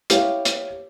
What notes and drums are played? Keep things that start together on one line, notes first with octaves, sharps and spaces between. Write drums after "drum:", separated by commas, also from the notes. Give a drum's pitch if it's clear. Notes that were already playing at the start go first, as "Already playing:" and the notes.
E4 G4 C#5 F5, drum: hi-hat
drum: hi-hat